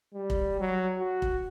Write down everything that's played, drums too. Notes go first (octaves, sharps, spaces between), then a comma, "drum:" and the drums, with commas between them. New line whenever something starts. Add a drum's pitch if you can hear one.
G3
drum: kick
F#3
F#4
drum: kick